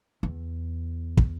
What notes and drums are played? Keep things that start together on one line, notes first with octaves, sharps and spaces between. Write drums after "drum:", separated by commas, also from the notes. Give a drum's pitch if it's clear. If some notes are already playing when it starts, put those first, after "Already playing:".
E2
drum: kick